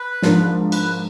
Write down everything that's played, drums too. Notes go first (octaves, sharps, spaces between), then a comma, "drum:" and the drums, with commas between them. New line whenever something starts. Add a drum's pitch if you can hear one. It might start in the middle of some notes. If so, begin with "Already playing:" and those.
Already playing: B4
G#2 F3 A#3 D4, drum: snare
B4, drum: cymbal